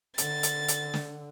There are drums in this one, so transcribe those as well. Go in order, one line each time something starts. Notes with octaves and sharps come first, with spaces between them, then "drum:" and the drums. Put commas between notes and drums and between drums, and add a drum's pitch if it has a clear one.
D3 A6, drum: hi-hat
drum: hi-hat
drum: hi-hat
drum: snare